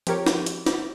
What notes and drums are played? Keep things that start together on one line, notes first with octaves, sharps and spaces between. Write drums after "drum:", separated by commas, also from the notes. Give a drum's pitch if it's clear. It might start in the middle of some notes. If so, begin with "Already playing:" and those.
F3 C4 G4 A#4 C#5, drum: hi-hat
drum: snare
drum: hi-hat
drum: snare